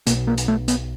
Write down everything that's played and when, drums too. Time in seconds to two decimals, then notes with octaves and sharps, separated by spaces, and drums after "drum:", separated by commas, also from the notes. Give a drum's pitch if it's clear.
0.07 B1 B2 A#3, drum: hi-hat
0.27 A#3
0.38 drum: hi-hat
0.48 A3
0.68 B3, drum: hi-hat